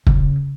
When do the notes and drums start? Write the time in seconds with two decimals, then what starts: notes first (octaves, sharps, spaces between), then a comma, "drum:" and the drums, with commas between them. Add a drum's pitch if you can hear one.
0.07 C#3, drum: kick